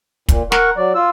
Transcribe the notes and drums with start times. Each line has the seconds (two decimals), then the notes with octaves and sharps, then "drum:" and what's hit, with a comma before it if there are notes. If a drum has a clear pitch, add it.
0.29 A#2, drum: kick, hi-hat
0.52 A#4 F#5 C#6, drum: snare
0.77 F#3 D5
0.95 F4 E6